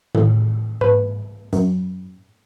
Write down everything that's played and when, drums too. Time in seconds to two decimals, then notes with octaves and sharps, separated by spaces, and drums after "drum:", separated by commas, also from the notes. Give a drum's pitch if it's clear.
0.15 A2, drum: tom D#3
0.81 B4, drum: tom G#2
1.53 F#2, drum: hi-hat